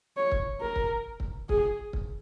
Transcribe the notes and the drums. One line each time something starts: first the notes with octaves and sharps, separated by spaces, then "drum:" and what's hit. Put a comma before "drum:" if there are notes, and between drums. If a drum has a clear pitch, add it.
C#5
drum: kick C#1
A#4
drum: kick C#1
drum: kick C#1
G#4, drum: kick C#1
drum: kick C#1